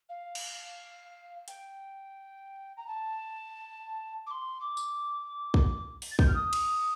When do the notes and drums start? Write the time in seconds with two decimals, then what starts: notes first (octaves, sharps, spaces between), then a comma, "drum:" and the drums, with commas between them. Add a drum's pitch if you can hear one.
0.09 F5
0.35 drum: cymbal
1.48 G5, drum: hi-hat
2.77 A#5
2.87 A5
4.27 D6
4.31 C6
4.60 D6
4.77 drum: tambourine
5.54 drum: kick
6.02 drum: open hi-hat
6.11 A6
6.19 G6, drum: kick
6.27 F6
6.34 D#6
6.53 drum: cymbal